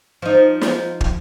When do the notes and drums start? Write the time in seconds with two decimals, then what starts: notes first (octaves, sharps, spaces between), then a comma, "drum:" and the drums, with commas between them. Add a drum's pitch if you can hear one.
0.22 F3 D#4
0.61 drum: snare
1.01 drum: kick